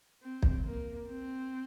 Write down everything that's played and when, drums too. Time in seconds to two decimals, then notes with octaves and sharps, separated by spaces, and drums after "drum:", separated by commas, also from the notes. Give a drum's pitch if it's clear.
0.22 C4
0.43 drum: kick
0.65 A#3
1.07 C4